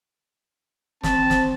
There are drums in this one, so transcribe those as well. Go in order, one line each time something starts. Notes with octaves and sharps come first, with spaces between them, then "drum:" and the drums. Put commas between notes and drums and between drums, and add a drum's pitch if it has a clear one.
C4 A5, drum: snare
drum: snare